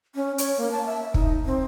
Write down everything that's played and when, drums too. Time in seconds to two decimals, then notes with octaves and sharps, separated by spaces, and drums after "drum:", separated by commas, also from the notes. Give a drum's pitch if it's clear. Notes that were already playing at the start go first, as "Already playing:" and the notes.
0.15 C#4
0.38 C#5, drum: hi-hat
0.57 A#3
0.71 A5
0.86 E5
1.14 D#4, drum: kick
1.45 C4